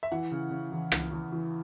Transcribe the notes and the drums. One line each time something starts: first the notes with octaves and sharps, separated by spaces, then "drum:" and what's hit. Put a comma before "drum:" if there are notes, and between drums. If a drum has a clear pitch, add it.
E5
E3 F#5
C#3
C#3
E2
E2, drum: rim click
E2
E3